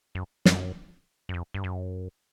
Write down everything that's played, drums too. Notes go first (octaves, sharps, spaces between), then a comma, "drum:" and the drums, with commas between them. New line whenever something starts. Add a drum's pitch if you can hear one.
F#2
F#2, drum: snare
F#2
F2
G2
F#2